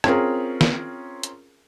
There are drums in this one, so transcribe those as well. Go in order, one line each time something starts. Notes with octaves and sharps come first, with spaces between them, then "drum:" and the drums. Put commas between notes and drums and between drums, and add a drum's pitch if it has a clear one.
C4 C#4 F4 G#4 A#4, drum: rim click
drum: snare
drum: hi-hat